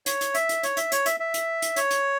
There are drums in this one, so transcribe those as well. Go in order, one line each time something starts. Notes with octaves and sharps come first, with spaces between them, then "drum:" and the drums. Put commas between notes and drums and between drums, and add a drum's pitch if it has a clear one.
C#5, drum: hi-hat
drum: hi-hat
E5, drum: hi-hat
drum: hi-hat
C#5, drum: hi-hat
E5, drum: hi-hat
C#5, drum: hi-hat
E5, drum: hi-hat
E5
drum: hi-hat
drum: hi-hat
C#5, drum: hi-hat
drum: hi-hat